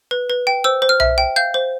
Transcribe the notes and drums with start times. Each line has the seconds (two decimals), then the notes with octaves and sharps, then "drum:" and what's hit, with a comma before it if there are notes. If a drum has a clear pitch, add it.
0.11 B4
0.30 B4
0.47 G5
0.64 C5 E6
0.82 C5
0.89 F6
1.00 E5, drum: tom B1
1.18 G5
1.36 F5 G6
1.54 C5